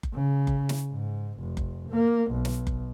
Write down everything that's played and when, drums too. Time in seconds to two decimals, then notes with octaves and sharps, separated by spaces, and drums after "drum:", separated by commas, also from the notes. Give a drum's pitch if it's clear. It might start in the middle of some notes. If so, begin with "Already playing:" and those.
0.03 drum: kick F#1
0.14 C#3
0.47 drum: kick F#1
0.69 drum: snare
0.91 G#2
1.39 F1
1.57 drum: kick F#1
1.90 A#3
2.31 B1
2.45 drum: snare
2.67 drum: kick F#1